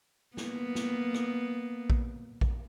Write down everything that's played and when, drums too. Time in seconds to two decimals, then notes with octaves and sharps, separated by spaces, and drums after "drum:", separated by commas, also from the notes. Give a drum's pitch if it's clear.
0.37 A#3 B3, drum: snare
0.75 drum: snare
1.14 drum: rim click
1.90 drum: kick A#1
2.41 drum: kick A#1